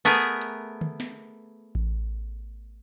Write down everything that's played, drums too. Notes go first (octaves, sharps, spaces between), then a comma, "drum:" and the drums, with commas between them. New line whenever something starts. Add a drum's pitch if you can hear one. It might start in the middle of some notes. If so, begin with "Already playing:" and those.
A3 B3 G#4 A#4, drum: open hi-hat
drum: hi-hat
drum: tom D3
drum: snare
drum: kick A1